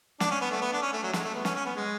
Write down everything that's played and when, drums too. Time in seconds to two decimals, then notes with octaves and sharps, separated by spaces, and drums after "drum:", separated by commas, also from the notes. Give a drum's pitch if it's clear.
0.20 D4, drum: snare
0.31 C#4
0.41 B3
0.51 A3
0.61 B3
0.72 D4
0.82 C#4
0.93 A3
1.03 F#3
1.13 G#3, drum: snare
1.24 A3
1.35 B3
1.45 C#4, drum: snare
1.55 C#4
1.66 B3
1.76 G#3